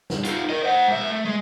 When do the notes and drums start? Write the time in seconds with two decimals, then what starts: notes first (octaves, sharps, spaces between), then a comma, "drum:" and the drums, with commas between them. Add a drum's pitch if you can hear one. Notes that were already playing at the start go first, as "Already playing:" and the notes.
0.10 drum: snare
0.25 D#4 F4, drum: hi-hat
0.49 A#4 D#5
0.63 C5 F#5
0.87 G#2 E5
1.10 A3
1.25 G#3